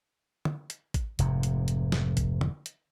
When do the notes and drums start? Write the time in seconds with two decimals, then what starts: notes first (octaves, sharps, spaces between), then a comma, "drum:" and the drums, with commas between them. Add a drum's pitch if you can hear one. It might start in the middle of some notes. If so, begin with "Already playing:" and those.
0.45 drum: tom
0.70 drum: hi-hat
0.94 drum: kick A1, hi-hat
1.19 F1 G#2 C3, drum: hi-hat
1.43 drum: hi-hat
1.68 drum: hi-hat
1.92 drum: snare
2.17 drum: kick A1, hi-hat
2.41 drum: tom
2.66 drum: hi-hat